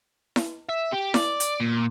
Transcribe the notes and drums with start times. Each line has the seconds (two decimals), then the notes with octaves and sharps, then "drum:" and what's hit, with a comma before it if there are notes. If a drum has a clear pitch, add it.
0.36 drum: snare E4
0.69 E5
0.92 G4
1.14 D5, drum: snare E4
1.40 drum: hi-hat
1.60 A#2